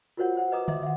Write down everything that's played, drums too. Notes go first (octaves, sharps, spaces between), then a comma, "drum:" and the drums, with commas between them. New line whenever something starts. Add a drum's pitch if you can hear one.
F4 F#4 A#4 C5 C#5 F#5
C5 F#5
B4 D#5 A#5 D6 D#6
D#5 E5 C6 D6, drum: tom D3
E5 F#5